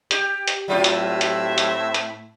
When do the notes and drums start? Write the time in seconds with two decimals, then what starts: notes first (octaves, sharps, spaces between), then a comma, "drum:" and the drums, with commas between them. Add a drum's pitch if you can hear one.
0.11 G4, drum: hi-hat
0.48 drum: hi-hat
0.68 A2 F#3 C4 F4 G4 E5
0.84 drum: hi-hat
1.21 drum: hi-hat
1.58 drum: hi-hat
1.94 drum: hi-hat